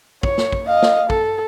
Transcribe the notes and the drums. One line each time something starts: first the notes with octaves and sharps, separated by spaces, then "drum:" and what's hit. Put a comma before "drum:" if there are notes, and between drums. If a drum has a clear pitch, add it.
C#5, drum: kick
drum: snare
drum: kick
D#5 F5
drum: snare
A4, drum: kick